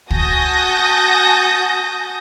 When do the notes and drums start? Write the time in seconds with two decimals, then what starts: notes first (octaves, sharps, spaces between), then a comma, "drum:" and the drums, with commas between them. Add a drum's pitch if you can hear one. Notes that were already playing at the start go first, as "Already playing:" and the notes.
0.10 F#4 G#5 A5 D#6 G6 A#6, drum: kick